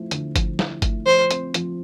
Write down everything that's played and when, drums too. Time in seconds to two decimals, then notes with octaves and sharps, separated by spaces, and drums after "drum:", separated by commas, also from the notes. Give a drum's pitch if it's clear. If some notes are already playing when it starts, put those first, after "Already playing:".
Already playing: F3 A3 E4
0.11 D3, drum: hi-hat
0.36 F3, drum: kick G1, hi-hat
0.59 E4, drum: snare
0.82 A3, drum: kick G1, hi-hat
1.06 F3 C5
1.31 C4, drum: hi-hat
1.54 F3, drum: hi-hat